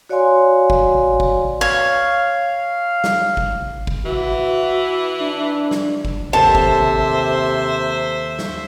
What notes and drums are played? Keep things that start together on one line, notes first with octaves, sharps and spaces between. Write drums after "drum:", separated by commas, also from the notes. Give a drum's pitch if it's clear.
F#4 C#5 D5 F5 G#5 C6
drum: kick
drum: kick
C#5 F5
drum: snare
drum: kick
drum: kick
E3 F#4
D4
drum: snare
drum: kick
D#2 C3 A4 C5 E5 A5
drum: kick
drum: snare